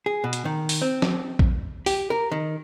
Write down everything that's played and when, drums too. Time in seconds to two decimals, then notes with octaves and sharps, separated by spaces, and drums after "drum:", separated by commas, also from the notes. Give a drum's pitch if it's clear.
0.06 G#4
0.24 B2
0.33 drum: hi-hat
0.45 D#3
0.69 drum: open hi-hat
0.82 C4
1.02 drum: snare
1.39 drum: kick A#1
1.86 G4, drum: open hi-hat
2.10 A#4
2.31 D#3